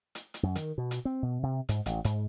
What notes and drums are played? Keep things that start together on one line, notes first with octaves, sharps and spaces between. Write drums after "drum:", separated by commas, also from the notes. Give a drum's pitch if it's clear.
drum: hi-hat
drum: hi-hat
F#2
D#3, drum: hi-hat
B2
drum: hi-hat
C4
B2
C3
G#2, drum: hi-hat
A1, drum: hi-hat
G#2, drum: hi-hat